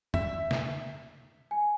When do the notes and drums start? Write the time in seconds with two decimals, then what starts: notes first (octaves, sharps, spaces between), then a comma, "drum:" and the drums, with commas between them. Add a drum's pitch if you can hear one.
0.14 E5, drum: tom
0.51 drum: snare
1.51 G#5